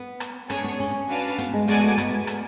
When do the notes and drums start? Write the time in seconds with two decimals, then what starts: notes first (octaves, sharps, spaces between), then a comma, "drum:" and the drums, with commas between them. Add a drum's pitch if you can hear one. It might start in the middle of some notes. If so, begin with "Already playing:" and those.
Already playing: B3
0.20 drum: rim click
0.50 C#4 D4 G#4 C#5, drum: rim click
0.64 B3
0.80 C#4, drum: open hi-hat
1.09 D4 F#4 B4 F5 A5
1.38 B3, drum: hi-hat
1.53 G#3
1.68 G#3 B3 F#4 A4 D5 G#5, drum: hi-hat
1.83 A3
1.98 B3, drum: rim click
2.27 drum: rim click